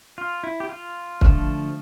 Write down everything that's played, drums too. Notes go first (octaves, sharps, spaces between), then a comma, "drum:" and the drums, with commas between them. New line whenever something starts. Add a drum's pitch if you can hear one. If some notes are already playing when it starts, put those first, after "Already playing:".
F4
E4
G4
F4
D3 F3 A3, drum: kick